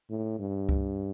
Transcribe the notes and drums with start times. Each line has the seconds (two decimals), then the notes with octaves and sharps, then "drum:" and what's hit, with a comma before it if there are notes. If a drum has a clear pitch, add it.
0.10 A2
0.39 G2
0.69 drum: kick C#2